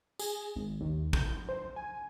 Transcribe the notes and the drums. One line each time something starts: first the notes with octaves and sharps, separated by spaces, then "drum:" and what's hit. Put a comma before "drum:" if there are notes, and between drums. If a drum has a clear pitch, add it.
G#4, drum: tambourine
G#1
D#2
G6, drum: kick
C5
G#5